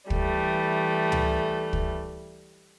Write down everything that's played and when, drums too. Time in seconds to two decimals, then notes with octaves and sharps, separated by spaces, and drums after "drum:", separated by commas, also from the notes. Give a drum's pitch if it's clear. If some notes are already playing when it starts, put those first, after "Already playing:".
0.10 E3 G3 A3, drum: kick
1.12 drum: tom C#2
1.73 drum: kick